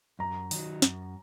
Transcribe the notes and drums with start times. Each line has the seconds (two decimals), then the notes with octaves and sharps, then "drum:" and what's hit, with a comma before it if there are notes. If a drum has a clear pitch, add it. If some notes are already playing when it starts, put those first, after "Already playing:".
0.19 F#2 A#5
0.51 D#3 F#3, drum: open hi-hat
0.82 F#2, drum: snare